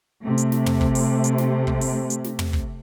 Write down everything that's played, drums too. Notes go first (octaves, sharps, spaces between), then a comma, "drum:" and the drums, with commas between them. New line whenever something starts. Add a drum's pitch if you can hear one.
C3 A3
drum: hi-hat
drum: snare
drum: tom
drum: kick
drum: open hi-hat
drum: hi-hat
drum: snare
drum: kick
drum: open hi-hat
drum: hi-hat
drum: snare
drum: tom
drum: kick